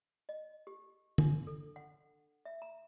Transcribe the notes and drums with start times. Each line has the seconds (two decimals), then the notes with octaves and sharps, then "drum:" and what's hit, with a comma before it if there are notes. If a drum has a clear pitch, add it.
0.29 D#5
0.67 G4
1.18 D4, drum: tom D3
1.47 A4
1.76 F#5
2.45 E5
2.62 A#5